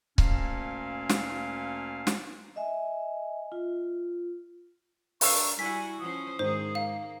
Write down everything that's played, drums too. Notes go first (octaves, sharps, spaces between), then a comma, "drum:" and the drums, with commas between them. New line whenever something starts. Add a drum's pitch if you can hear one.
D2 A#2 A#3 C#4 F5 A5, drum: kick C#1
drum: snare
drum: snare
D#5 E5 G#5
F4
D4 A#4 F5 C#6 E6 C7, drum: open hi-hat
G3 E4 F#4 G#5 B6
F3 C#4 C5 D#6
G#2 D#3 G#4 C5
A#3 F5